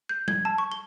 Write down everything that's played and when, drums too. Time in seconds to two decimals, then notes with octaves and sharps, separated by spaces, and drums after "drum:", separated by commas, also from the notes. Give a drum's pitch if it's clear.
0.09 G6
0.28 G#6, drum: tom G3
0.45 A5
0.58 C#6
0.72 G7